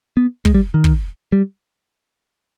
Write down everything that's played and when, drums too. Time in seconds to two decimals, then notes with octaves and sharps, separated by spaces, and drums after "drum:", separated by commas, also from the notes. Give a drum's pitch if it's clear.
0.17 B3
0.45 G#3, drum: kick
0.54 G3
0.74 D#3
0.84 drum: kick
1.32 G3